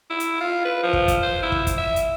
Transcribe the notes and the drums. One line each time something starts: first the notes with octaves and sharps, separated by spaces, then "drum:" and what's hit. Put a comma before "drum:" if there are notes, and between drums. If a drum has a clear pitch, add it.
E4
drum: hi-hat
F4
B4
F3
drum: kick
drum: kick, hi-hat
C5
E4
drum: kick
drum: kick, hi-hat
E5
drum: hi-hat